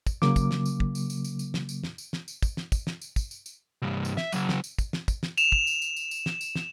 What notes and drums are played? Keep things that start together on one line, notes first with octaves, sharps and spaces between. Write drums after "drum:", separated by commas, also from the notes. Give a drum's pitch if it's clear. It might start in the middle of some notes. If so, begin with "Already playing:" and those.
drum: kick, tambourine
C#3 F#3 A#3 D6, drum: snare
drum: kick, tambourine
drum: snare
drum: tambourine
drum: kick
drum: tambourine
drum: tambourine
drum: tambourine
drum: tambourine
drum: snare
drum: tambourine
drum: snare
drum: tambourine
drum: snare
drum: tambourine
drum: kick, tambourine
drum: snare
drum: kick, tambourine
drum: snare
drum: tambourine
drum: kick, tambourine
drum: tambourine
drum: tambourine
C2 G2
drum: tambourine
E5, drum: snare
C#3 F#3, drum: tambourine
drum: snare
drum: tambourine
drum: kick, tambourine
drum: snare
drum: kick, tambourine
drum: snare
E7 F7, drum: tambourine
drum: kick
drum: tambourine
drum: tambourine
drum: tambourine
drum: tambourine
drum: snare
drum: tambourine
drum: snare